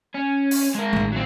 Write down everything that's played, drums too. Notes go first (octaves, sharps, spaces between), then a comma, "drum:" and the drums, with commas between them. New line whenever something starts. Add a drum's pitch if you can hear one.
C#4
drum: open hi-hat
G#3 A#4
A1 D#3
F#3 C4